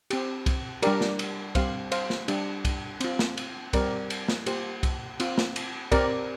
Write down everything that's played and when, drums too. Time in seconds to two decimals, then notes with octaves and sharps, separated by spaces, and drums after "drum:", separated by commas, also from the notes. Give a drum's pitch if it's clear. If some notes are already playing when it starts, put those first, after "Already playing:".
0.10 C4 G4, drum: cymbal
0.46 drum: kick C2, cymbal
0.83 G3 D4 G4 A#4 D5, drum: cymbal
1.01 drum: snare
1.19 drum: cymbal
1.55 G3 C4 G4 C5 F5, drum: kick C2, cymbal
1.92 C5 F5, drum: cymbal
2.10 drum: snare
2.28 G3 D4 G4, drum: cymbal
2.65 drum: kick C2, cymbal
3.00 C4 F4, drum: cymbal
3.19 drum: snare
3.37 drum: cymbal
3.73 G3 C4 G4 A#4 D5, drum: kick C2, cymbal
4.10 drum: cymbal
4.28 drum: snare
4.46 A#3 F4 G4 C5, drum: cymbal
4.83 drum: kick C2, cymbal
5.20 C4 F4, drum: cymbal
5.38 drum: snare
5.56 drum: cymbal
5.92 C4 G4 A#4 D5, drum: kick C2, cymbal